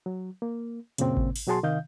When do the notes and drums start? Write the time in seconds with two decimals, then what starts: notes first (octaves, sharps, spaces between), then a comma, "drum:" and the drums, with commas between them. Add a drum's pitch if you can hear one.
0.06 F#3
0.42 A#3
0.98 F#2 A#2 C#3 A#3 C4, drum: hi-hat
1.17 drum: kick G#1
1.36 drum: open hi-hat
1.47 B2 F#3 F#4 G#4 A5 C6
1.63 C3 D#3 D#5 F5 G6